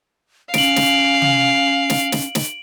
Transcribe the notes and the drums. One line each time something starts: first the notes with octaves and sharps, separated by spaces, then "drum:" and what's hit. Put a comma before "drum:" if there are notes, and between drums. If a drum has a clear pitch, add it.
C#4 F5 D7 F#7, drum: snare
drum: snare
drum: tom
drum: snare
drum: snare
drum: snare